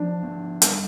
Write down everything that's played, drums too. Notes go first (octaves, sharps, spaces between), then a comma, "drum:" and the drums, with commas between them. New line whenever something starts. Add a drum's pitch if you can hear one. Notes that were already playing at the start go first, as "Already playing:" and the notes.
Already playing: F3 D4
B3
G3, drum: hi-hat